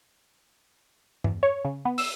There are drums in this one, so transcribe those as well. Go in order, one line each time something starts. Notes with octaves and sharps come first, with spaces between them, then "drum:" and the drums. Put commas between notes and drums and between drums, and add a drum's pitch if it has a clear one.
E2, drum: tom G2
C#5
C#3
B3
E6, drum: open hi-hat